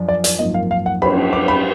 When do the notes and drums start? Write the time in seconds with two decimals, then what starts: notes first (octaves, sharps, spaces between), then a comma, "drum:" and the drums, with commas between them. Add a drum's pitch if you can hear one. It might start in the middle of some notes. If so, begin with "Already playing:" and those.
Already playing: F#2 F3 D4
0.09 D5
0.24 D5, drum: hi-hat
0.39 G#1 F#2 F3 A#3 D#5
0.54 F5
0.71 F5
0.86 F#5
1.02 B5, drum: cymbal
1.33 D6
1.48 B5